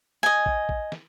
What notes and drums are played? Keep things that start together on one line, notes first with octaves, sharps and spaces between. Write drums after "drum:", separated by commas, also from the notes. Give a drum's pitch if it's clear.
D#5 G#5
drum: kick
drum: kick
drum: snare